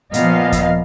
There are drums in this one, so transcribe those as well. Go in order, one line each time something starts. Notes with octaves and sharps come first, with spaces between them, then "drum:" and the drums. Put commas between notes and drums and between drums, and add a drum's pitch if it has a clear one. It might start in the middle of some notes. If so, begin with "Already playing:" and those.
A#2 F3 B3 D#5 F5, drum: hi-hat
drum: kick D#2, hi-hat